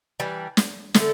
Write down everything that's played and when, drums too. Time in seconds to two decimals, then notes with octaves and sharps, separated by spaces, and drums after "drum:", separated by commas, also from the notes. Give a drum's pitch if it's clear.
0.20 E3 G3 D4
0.57 drum: snare
0.94 D3 A3 E4 A4, drum: snare